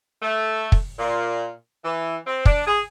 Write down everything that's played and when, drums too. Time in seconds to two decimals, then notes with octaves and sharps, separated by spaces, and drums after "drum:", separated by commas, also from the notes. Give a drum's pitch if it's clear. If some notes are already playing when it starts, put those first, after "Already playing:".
0.21 A3
0.72 drum: kick
0.98 A#2
1.83 E3
2.25 C4
2.45 D4, drum: kick
2.67 G#4